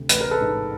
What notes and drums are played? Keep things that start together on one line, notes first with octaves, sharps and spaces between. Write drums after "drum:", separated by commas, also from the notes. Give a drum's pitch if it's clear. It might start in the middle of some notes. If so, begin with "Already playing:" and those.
Already playing: D2 C3
A1 B4, drum: hi-hat
A#4
A4 B4
G#2